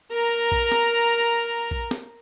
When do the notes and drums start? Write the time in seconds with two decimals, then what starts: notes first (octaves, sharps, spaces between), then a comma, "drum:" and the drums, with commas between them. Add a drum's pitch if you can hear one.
0.12 A#4 A#5
0.52 drum: kick A#1
0.72 drum: snare
1.71 drum: kick A#1
1.91 drum: snare